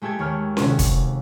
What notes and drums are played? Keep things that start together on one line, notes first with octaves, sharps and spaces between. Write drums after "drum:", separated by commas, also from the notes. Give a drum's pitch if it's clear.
G#3 A3 G4 A4 G#6
D#2 A3 C#5 F6
C3 D#3 C#4 F#4, drum: snare C#4
drum: kick, hi-hat